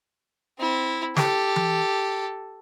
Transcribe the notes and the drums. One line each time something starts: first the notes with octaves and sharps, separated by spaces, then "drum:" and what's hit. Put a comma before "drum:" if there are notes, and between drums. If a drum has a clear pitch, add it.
C4 E4
G4 A4, drum: snare
drum: tom E3